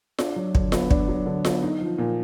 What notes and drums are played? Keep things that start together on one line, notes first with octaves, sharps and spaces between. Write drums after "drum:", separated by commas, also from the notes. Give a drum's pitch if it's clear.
D4, drum: snare F4
F#3
D3, drum: kick
B3, drum: snare F4
D4, drum: kick
F#3
D3
B3, drum: snare F4
D#4
F3
A#2